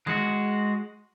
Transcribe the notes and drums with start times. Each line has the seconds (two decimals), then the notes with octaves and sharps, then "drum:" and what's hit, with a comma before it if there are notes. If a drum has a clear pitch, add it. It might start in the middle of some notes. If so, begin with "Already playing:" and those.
0.07 G#3 F#4, drum: tom D#3